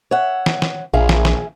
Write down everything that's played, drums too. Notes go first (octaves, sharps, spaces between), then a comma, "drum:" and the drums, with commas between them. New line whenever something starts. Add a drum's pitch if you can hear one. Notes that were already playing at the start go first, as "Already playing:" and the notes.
C#5 E5 F#5
drum: snare
drum: snare
A#1 G#4 E5 F5
drum: snare
drum: snare